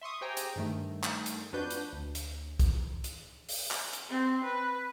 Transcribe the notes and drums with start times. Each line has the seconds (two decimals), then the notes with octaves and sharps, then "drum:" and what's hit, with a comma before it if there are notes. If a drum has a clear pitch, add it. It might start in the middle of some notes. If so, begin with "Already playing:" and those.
0.01 E5 C6 C#6 D#6
0.21 G4 G#4 C5 G5 G#5 A#5
0.37 drum: hi-hat
0.56 G2 D#3 A3
1.04 drum: clap
1.26 drum: hi-hat
1.52 F2 D4 F#4 B4 G6
1.70 drum: hi-hat
1.93 D2
2.15 drum: hi-hat
2.60 drum: kick, hi-hat
3.04 drum: hi-hat
3.49 drum: open hi-hat
3.71 drum: clap
3.93 drum: hi-hat
4.09 C4
4.44 B4